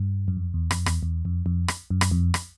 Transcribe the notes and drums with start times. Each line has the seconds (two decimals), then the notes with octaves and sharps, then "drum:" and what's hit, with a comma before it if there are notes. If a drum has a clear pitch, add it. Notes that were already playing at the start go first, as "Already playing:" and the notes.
Already playing: G2
0.28 F#2
0.37 F2
0.54 E2
0.71 F2, drum: rim click
0.86 E2, drum: rim click
1.03 E2
1.25 F2
1.46 F2
1.68 drum: rim click
1.90 F#2
2.01 drum: rim click
2.11 F2
2.34 drum: rim click